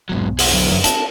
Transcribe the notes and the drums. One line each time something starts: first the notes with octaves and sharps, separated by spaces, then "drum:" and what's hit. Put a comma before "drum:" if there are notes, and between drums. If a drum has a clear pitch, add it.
B1 F2 G#2 F#3
G#4 F#5, drum: open hi-hat
D3 F#3
F#2
C4 A5, drum: hi-hat